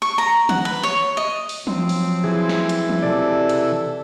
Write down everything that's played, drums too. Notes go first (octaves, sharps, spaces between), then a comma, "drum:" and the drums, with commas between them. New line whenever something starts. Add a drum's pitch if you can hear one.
C#6
A#5
F#5, drum: tom D#3
B4
C#5
D#5
drum: open hi-hat
F3 F#3 C4, drum: tom E3
drum: open hi-hat
E3 G#4
drum: snare
drum: hi-hat
drum: tom E3
C3 A4 D5
drum: hi-hat